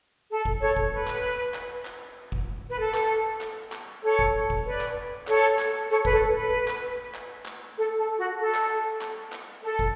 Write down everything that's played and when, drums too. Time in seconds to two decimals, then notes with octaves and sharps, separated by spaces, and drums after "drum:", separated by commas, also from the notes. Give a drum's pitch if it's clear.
0.30 A4
0.45 drum: kick
0.61 A4 C#5
0.77 drum: kick
0.92 B4
1.08 drum: clap
1.54 drum: clap
1.85 drum: clap
2.32 drum: kick
2.69 B4
2.79 A4
2.94 drum: clap
3.41 drum: clap
3.72 drum: clap
4.03 A4 C#5
4.19 drum: kick
4.50 drum: kick
4.65 B4 D5
4.81 drum: clap
5.28 A4 C#5, drum: clap
5.59 drum: clap
5.90 A4 C#5
6.05 B4, drum: kick
6.11 A4
6.32 B4
6.68 drum: clap
7.15 drum: clap
7.46 drum: clap
7.77 A4
7.97 A4
8.18 F#4
8.39 A4
8.55 drum: clap
9.01 drum: clap
9.32 drum: clap
9.63 A4
9.79 drum: kick